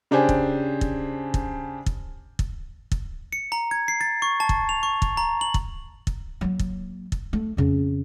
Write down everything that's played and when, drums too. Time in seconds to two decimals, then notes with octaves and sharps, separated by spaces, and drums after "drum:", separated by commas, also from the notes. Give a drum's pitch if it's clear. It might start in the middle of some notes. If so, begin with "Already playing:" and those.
0.11 C#3 D4 G4 C5 G#5
0.29 drum: kick
0.81 drum: kick
1.34 drum: kick
1.86 drum: kick
2.39 drum: kick
2.92 drum: kick
3.33 C#7
3.52 A#5
3.71 G#6
3.88 C7
4.01 A6
4.22 C#6
4.40 A5
4.49 drum: kick
4.69 F7
4.83 C#6
5.02 drum: kick
5.17 A#5
5.41 F#7
5.54 drum: kick
6.07 drum: kick
6.41 F#3 A#3
6.59 drum: kick
7.12 drum: kick
7.33 A3
7.57 F2 C#3